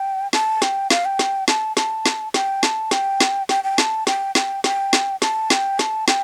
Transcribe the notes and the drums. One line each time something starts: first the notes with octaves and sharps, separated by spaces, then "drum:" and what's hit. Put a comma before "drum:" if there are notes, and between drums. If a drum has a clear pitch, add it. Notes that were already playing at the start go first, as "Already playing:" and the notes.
Already playing: G5
A5, drum: snare
G5, drum: snare
F5, drum: snare
G5
drum: snare
A5, drum: snare
A5, drum: snare
drum: snare
G5, drum: snare
A5, drum: snare
G5, drum: snare
drum: snare
G5, drum: snare
G5
A5, drum: snare
G5, drum: snare
G5, drum: snare
G5, drum: snare
drum: snare
A5, drum: snare
G5, drum: snare
A5, drum: snare
G5, drum: snare